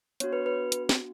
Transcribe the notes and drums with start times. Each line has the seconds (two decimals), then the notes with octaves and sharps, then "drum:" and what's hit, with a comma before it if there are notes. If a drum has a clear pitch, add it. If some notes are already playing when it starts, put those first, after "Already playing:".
0.20 B3 D4 F#4 C#5, drum: hi-hat
0.33 B4
0.46 B4
0.72 drum: hi-hat
0.89 drum: snare